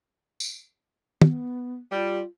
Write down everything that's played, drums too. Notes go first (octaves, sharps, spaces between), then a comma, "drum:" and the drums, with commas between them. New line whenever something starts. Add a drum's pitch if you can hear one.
drum: tambourine
B3, drum: tom
G3 F4